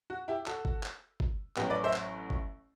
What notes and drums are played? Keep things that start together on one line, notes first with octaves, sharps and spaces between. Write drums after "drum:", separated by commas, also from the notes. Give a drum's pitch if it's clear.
F#4
E4 G4
F#4 A4, drum: clap
drum: kick G1
drum: clap
drum: kick G1
A1 A2 F#3 G4 B4, drum: clap
B4 D5
C5 E5
drum: clap
drum: kick G1